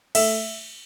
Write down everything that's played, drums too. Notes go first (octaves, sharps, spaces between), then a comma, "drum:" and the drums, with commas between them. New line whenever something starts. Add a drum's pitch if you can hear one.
A3 E5, drum: cymbal